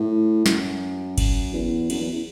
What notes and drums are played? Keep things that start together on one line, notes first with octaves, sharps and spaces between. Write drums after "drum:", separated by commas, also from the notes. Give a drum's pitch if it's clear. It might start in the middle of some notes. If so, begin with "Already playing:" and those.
Already playing: A2
F#2, drum: snare
drum: kick G1, cymbal
E2
F#2, drum: cymbal
E2